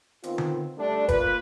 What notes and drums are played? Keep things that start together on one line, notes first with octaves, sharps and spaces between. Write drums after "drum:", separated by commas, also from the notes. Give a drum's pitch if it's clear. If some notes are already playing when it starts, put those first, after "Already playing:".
D#3 B3 C4 F4, drum: hi-hat
drum: tom D3
G3 A3 D4
A#3 F4 B4, drum: kick, hi-hat